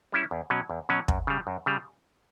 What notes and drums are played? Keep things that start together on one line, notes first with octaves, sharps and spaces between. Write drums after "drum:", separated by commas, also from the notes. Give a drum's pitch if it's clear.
G3 C#4 E4
E2
B2 F#3 C#4
E2
B2 F#3 C#4
F#2, drum: kick
C#3 G3
F#2
C#3 G3